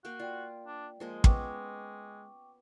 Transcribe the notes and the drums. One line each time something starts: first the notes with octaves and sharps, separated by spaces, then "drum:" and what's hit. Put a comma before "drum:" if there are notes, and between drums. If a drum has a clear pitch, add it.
A#3 F#4 F5 G5
F4 D5 G5
D4
F3 G#3 A#3 D#5
B3 C#4 G5 C#6 D6, drum: kick